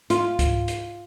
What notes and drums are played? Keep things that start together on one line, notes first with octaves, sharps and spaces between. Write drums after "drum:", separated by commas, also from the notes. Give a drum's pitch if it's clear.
F4, drum: hi-hat
drum: kick, hi-hat
drum: hi-hat